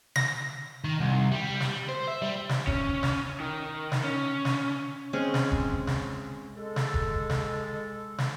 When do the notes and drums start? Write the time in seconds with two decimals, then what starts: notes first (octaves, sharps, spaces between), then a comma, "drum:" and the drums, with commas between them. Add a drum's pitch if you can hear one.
0.16 A#6, drum: snare
0.84 D#3
1.00 C2
1.32 G3
1.60 drum: snare
1.89 C5
2.08 E5
2.22 G3
2.49 drum: snare
2.67 C#4, drum: kick E1
3.03 drum: snare
3.40 D#3
3.92 drum: snare
4.04 C#4
4.45 drum: snare
5.13 G#3 C4 C#4 G#4
5.34 drum: snare
5.52 drum: kick E1
5.87 drum: snare
6.57 G#3 A4
6.76 drum: snare
6.94 drum: kick E1
7.29 drum: snare
8.18 drum: snare